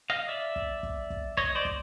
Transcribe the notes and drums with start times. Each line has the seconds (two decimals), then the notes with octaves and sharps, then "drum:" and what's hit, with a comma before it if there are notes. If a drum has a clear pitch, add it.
0.10 D#5 F5
0.28 D5 E5
0.56 drum: kick
0.83 drum: kick
1.10 drum: kick
1.37 C#5 D#5, drum: kick
1.55 C5 D5
1.65 drum: kick